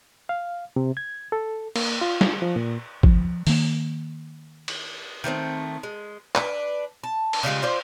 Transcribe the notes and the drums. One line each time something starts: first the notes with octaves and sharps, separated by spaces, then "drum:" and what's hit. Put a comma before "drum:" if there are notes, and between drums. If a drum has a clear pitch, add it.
F5
C3
G#6
A4
A#3, drum: cymbal
F4
drum: snare
F3
A#2
F3, drum: kick
D#3 A#3, drum: open hi-hat
drum: cymbal
D#3 A3 B3 C4
G#3
D4 B4, drum: clap
A5
drum: cymbal
C#3 G3 G#3 F4
F4 C5 D5